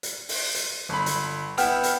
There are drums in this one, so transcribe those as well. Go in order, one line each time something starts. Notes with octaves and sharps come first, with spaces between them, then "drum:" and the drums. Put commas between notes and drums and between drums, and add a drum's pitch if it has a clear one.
drum: hi-hat
drum: open hi-hat
drum: hi-hat
G1 B5
drum: hi-hat
B3 E4 G5 F6, drum: hi-hat
drum: hi-hat